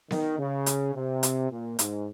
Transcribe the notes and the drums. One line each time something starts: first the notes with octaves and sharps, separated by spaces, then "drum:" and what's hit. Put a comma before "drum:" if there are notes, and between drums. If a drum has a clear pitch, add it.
D#3, drum: snare B3
C#3
drum: hi-hat
C3
drum: hi-hat
A#2
G#2, drum: hi-hat